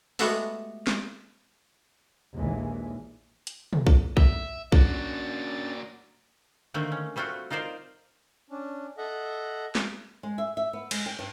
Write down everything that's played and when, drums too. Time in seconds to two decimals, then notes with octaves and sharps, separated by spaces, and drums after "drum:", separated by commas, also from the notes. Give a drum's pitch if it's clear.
0.19 G#3 A3 B3 F#4 G4 A4, drum: open hi-hat
0.87 drum: snare
2.36 A#1 D#2 A#2 E3 G#3
3.47 drum: hi-hat
3.73 drum: tom
3.87 drum: kick A#1
4.17 E5, drum: kick A#1
4.72 A#3 C#4 D4 F#4 A6, drum: kick A#1
6.74 D3 D#3 A3 A#3 C4
6.92 C#4
7.16 G3 A3 C4 F4 F#4
7.50 D#4 F4 A#4 C5 D5
8.50 C#4 D4
8.98 A4 D#5 E5 F#5
9.75 drum: snare
10.23 G#3
10.38 E5
10.57 E5
10.73 B3
10.91 G#3, drum: cymbal
11.06 G5
11.19 G2